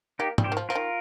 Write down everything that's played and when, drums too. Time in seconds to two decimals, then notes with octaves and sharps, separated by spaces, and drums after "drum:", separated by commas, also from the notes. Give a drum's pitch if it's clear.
0.19 A#3 D#4 G4
0.38 G3, drum: tom G#2
0.44 G4 C5
0.52 D#3
0.57 F3
0.69 F3 F4 A#4
0.75 D#3